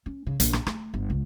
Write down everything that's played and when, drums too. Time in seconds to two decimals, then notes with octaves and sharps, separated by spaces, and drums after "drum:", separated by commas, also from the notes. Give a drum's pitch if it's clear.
0.06 C#4
0.27 C#3
0.40 A#1, drum: hi-hat
0.53 drum: rim click
0.66 A3, drum: rim click
0.94 G1
1.10 C#2